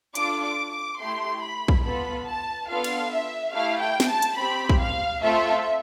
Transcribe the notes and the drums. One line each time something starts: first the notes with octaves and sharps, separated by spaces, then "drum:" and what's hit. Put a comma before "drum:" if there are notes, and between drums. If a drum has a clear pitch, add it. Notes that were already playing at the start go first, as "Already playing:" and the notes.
D4 F4 A4 D6, drum: hi-hat
D6
D6
A3 E4 G4 C6
B5
drum: kick
B3 F4 A4 B5
A5
B3 D4 F4 A4 F5
drum: cymbal
E5
A3 E4 G4 F5
G5
drum: snare
A5
drum: hi-hat
C4 G4 B5
drum: kick
F5
A3 C4 F4 A4 E5